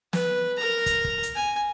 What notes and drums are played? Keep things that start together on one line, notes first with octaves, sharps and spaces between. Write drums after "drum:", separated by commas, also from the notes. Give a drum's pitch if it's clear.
B4, drum: snare
A#4 A#5
drum: kick, hi-hat
drum: kick
drum: hi-hat
G#5